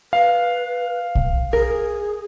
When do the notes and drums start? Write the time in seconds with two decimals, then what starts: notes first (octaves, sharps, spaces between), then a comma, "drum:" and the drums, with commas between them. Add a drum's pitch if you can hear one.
0.13 B4 F5
1.15 drum: kick
1.53 G#4 A#4